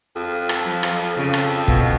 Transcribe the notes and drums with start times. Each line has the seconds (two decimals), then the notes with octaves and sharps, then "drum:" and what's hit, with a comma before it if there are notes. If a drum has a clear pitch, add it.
0.16 F2
0.49 drum: rim click
0.65 F3
0.83 drum: rim click
1.17 F2 C#3
1.34 drum: rim click
1.68 B2, drum: kick